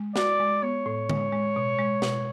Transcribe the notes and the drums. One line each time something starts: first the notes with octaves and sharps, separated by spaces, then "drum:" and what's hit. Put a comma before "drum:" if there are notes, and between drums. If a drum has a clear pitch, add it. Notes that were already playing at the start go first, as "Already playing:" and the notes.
Already playing: G#3
F#4 D5, drum: snare
G#3
B3 C#5
A2
G#3, drum: tom D3
G#3
B2
G#3
B2, drum: snare